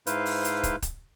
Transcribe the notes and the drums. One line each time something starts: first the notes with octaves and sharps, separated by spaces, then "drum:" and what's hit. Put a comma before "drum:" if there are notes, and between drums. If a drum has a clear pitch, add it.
G#2 E4 B4 C5 F5, drum: hi-hat
drum: open hi-hat
drum: hi-hat
drum: kick, hi-hat
drum: kick, hi-hat